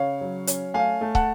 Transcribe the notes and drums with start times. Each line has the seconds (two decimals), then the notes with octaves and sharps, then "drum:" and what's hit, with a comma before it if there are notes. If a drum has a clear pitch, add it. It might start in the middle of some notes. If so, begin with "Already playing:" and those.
Already playing: C#3 C#5 F5
0.21 F#3
0.47 C#4, drum: hi-hat
0.74 A3 F5 G#5
1.01 A3
1.15 F#5 A5, drum: kick